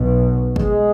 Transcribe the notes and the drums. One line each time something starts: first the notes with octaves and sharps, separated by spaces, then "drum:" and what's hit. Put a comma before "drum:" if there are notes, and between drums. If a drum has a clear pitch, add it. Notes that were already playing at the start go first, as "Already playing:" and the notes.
Already playing: B1 B2
G#3, drum: kick